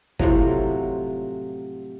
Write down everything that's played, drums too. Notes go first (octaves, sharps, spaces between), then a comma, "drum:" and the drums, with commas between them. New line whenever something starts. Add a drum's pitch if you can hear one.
A2 C3 F3 F#3, drum: kick